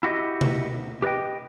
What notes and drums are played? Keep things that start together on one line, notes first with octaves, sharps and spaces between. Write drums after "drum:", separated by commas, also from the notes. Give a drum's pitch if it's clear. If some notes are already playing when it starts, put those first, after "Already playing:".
E4 F#4 G4 D#5
drum: tom B2
G4 B4 D5 D#5 G5